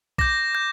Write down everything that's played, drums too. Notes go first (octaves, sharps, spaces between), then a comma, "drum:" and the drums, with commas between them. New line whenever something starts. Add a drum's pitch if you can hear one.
D6 G6 A#6, drum: kick
G6